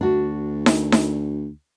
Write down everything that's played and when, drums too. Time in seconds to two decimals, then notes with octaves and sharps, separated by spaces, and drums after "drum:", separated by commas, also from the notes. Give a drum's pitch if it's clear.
0.01 D2 D4 F#4
0.66 drum: snare D#4
0.92 drum: snare D#4